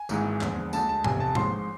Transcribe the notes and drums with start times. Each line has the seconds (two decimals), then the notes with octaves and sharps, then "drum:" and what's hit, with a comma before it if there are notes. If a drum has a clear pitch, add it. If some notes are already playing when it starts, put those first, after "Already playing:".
Already playing: G#5
0.09 G#1 G#2 E3 G#3, drum: tambourine
0.41 E2 D3 F3 G#3, drum: clap
0.73 D2 D3 G#3 A5, drum: tambourine
0.89 A5
1.04 F1 E2 C3 G#5, drum: tom G#2
1.20 A5
1.35 A1 G#2 F3 G#3 C6, drum: tom G#2